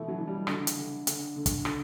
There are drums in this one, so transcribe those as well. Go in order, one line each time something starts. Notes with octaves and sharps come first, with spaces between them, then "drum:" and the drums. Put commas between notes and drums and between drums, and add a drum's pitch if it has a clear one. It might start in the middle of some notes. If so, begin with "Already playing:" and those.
Already playing: B2 E3 A3
F#3
E3
G3
D3 D4, drum: rim click
drum: hi-hat
D3
D3, drum: hi-hat
D3
drum: kick, hi-hat
D3, drum: rim click